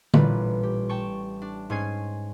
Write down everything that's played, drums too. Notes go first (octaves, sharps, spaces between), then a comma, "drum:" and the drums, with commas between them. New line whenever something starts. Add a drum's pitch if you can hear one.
A1 A#2 G3 D4 B4, drum: tom
G4
G5 A5 C#6
D4
G#2 C#4 G#5 G#6 C7